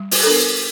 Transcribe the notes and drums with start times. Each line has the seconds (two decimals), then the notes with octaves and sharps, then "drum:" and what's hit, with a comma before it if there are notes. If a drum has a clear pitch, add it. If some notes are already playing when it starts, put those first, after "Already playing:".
Already playing: G3
0.11 drum: open hi-hat
0.23 A4
0.27 B3 D4 A#4